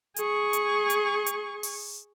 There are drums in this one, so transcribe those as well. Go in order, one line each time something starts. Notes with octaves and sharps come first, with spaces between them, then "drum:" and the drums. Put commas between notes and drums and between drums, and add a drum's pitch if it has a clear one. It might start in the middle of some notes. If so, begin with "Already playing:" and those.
G#4 C#6, drum: hi-hat
drum: hi-hat
drum: hi-hat
drum: hi-hat
drum: open hi-hat